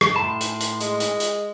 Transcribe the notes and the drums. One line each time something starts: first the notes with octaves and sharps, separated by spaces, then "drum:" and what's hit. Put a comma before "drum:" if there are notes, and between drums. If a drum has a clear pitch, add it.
drum: rim click
A2 A5 B5 C6
drum: hi-hat
drum: hi-hat
G#3, drum: hi-hat
drum: hi-hat
drum: hi-hat